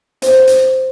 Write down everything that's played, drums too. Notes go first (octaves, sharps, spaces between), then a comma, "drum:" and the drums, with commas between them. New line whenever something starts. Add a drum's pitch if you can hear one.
C5, drum: hi-hat
drum: hi-hat